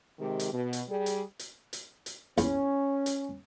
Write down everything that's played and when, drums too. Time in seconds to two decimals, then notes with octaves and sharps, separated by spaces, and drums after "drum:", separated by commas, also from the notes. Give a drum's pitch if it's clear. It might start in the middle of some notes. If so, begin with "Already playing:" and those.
0.19 C3 D#3 G#3 G4
0.39 drum: hi-hat
0.53 B2
0.73 drum: hi-hat
0.89 G3 G#4
1.06 drum: hi-hat
1.39 drum: hi-hat
1.73 drum: hi-hat
2.06 drum: hi-hat
2.38 E2 C#4, drum: hi-hat
3.06 drum: hi-hat